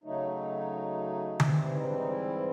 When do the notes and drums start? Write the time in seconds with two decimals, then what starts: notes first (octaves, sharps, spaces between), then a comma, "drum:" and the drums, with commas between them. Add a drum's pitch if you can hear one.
0.04 C#3 F#3 A3 D#4
1.40 G#2 E3 G3 C4 E4, drum: tom D3
1.75 D#4
1.84 D4
1.95 D#4
2.09 E4